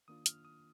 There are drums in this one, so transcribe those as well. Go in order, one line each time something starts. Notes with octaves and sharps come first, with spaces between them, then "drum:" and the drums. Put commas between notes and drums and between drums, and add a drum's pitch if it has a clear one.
D#3 A#3 D4 F4 D#6
F6, drum: hi-hat
D#6